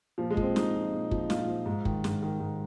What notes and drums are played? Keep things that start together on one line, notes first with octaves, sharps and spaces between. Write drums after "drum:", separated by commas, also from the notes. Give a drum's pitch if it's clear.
A#2 F3
G#3
F3, drum: kick
C4
A#2 D#4, drum: snare
F3
A#2
F3, drum: kick
A#2 F4, drum: snare
F3
G#2
D#3, drum: kick
G#2, drum: snare
D#3
G#2